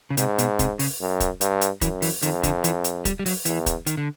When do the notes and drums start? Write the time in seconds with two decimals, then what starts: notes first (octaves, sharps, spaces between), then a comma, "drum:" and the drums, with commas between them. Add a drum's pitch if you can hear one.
0.10 C#3
0.17 G#2 C3, drum: hi-hat
0.38 B2, drum: hi-hat
0.59 C3, drum: kick, hi-hat
0.79 C#3, drum: open hi-hat
1.00 F#2
1.20 drum: kick, hi-hat
1.41 G2, drum: hi-hat
1.61 drum: hi-hat
1.81 F#2 E3, drum: kick, hi-hat
2.02 E3, drum: open hi-hat
2.22 F2 D#3, drum: hi-hat
2.43 D3, drum: kick, hi-hat
2.64 E3, drum: hi-hat
2.84 drum: hi-hat
3.05 G3, drum: kick, hi-hat
3.19 G3
3.26 F#3, drum: open hi-hat
3.45 E2 E3, drum: hi-hat
3.66 drum: kick, hi-hat
3.86 D#3, drum: hi-hat
3.97 D3